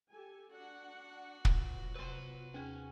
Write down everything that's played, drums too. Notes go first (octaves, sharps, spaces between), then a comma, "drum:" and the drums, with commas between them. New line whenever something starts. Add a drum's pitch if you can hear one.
G4 A4 G#5
D4 F#4 F#5
F#3 B3 F4, drum: kick
C3 B4 C6
D#2 C#4 G#4